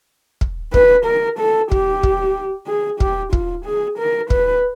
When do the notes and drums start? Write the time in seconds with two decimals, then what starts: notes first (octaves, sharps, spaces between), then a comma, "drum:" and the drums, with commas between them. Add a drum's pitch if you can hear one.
0.41 drum: kick
0.74 B4, drum: kick
1.06 A#4
1.39 A4
1.72 G4, drum: kick
2.03 drum: kick
2.68 G#4
3.00 G4, drum: kick
3.33 F4, drum: kick
3.66 G#4
3.98 A#4
4.30 B4, drum: kick